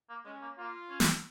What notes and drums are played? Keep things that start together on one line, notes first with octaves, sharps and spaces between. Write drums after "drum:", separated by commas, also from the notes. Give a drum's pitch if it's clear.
A#3
G#3 C#4
A#3
A#3 F4
C#4
drum: snare